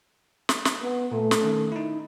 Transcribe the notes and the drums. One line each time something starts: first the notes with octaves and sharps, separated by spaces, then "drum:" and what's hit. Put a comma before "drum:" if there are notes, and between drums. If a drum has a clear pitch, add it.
drum: snare
drum: snare
B3
A#2 A3
drum: snare
D#3 C#4
D#4 E4